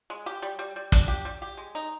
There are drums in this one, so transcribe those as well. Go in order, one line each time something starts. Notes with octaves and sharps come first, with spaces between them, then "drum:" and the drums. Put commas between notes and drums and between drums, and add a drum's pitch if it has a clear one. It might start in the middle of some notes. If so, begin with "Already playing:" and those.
G#3
G4
G3
G3
G3
D4, drum: kick, hi-hat
G4
G3
G4
G#3
D#4